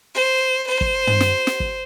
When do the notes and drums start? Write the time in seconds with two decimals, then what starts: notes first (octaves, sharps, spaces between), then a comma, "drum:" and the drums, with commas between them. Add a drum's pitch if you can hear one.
0.14 C5
0.68 C5
0.81 drum: kick
1.07 drum: tom
1.20 drum: snare
1.47 drum: snare
1.60 drum: kick